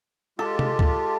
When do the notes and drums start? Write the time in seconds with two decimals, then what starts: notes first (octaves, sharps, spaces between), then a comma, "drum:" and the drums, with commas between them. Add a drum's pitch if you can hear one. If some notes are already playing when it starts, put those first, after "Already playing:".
0.39 G#3 F4 G4 A4
0.59 drum: tom C3
0.79 drum: kick C#2